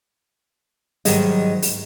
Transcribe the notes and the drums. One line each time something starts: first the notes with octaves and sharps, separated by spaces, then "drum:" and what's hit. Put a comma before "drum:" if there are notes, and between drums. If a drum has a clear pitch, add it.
G#2 D#3 F#3 G3 G#4 D#5, drum: open hi-hat
drum: open hi-hat